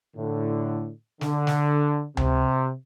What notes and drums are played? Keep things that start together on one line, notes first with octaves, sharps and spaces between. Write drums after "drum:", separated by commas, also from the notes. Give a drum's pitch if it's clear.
A2 D3
D3, drum: snare
drum: snare
C3, drum: tom C#2